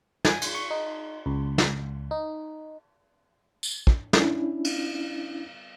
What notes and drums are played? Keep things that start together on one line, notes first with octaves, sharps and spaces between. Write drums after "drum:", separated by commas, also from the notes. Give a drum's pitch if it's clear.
G#5, drum: snare
drum: cymbal
C#6
D#4
C#2
drum: snare
D#4
drum: tambourine
drum: kick
C#4 D4 E4, drum: snare
drum: cymbal